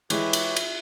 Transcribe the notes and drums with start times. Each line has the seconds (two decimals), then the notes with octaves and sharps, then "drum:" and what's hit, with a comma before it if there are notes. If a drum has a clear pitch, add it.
0.10 E3 G#3 E4 G4 B4 C#5 E5, drum: cymbal
0.33 drum: cymbal
0.56 drum: cymbal